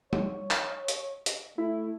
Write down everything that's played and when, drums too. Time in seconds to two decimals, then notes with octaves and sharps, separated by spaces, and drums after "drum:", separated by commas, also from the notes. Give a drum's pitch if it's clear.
0.13 C#5, drum: tom
0.51 drum: clap
0.88 drum: hi-hat
1.26 drum: hi-hat
1.58 A3 E4